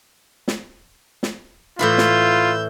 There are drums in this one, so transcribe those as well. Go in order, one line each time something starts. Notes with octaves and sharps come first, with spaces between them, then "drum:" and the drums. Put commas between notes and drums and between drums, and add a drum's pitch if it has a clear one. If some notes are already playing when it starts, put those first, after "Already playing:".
drum: snare
drum: snare
A2 E3 E4 F4 E6 G6
drum: snare